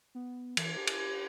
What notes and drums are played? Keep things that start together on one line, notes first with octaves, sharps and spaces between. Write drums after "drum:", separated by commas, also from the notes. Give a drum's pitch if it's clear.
B3
E3, drum: cymbal
G4
drum: cymbal